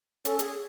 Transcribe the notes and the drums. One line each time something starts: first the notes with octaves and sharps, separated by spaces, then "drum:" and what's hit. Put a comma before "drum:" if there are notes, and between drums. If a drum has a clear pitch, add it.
C#4 A4, drum: hi-hat
G#4, drum: hi-hat